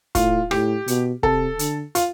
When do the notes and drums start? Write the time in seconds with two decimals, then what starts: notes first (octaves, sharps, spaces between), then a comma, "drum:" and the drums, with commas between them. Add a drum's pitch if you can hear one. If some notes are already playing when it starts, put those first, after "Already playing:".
0.15 A2 F4, drum: kick, hi-hat
0.51 A2 G4, drum: rim click
0.88 B2, drum: hi-hat
1.23 C3 A4, drum: kick
1.59 D3, drum: hi-hat
1.95 F4, drum: hi-hat